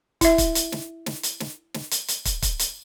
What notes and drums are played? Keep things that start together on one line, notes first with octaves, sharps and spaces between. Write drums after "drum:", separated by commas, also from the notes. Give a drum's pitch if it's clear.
E4 E5, drum: kick, hi-hat
drum: kick, hi-hat
drum: hi-hat
drum: snare
drum: snare
drum: hi-hat
drum: snare
drum: snare
drum: hi-hat
drum: hi-hat
drum: kick, hi-hat
drum: kick, hi-hat
drum: hi-hat